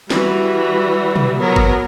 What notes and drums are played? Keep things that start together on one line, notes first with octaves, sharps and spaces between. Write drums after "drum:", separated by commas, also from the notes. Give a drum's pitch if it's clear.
E3 G3 F#4, drum: snare
drum: tom
F#3 B3 A#4
drum: kick